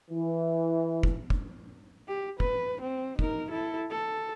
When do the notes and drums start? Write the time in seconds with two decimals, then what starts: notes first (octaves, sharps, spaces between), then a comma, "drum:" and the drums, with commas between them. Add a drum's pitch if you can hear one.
0.11 E3
1.03 drum: kick
1.30 drum: kick
2.08 G4
2.40 B4, drum: kick
2.81 C4
3.19 D#4 A#4, drum: kick
3.51 E4 A4
3.90 A4